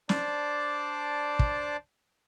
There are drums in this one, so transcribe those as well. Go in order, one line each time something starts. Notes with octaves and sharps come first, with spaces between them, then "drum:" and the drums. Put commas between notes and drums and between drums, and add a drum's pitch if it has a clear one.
D4 C5 D5 A5 D6, drum: snare
drum: kick